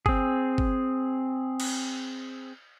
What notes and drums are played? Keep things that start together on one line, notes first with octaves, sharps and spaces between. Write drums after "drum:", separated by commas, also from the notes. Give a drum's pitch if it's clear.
C4 G#4, drum: kick G1
drum: kick G1
drum: cymbal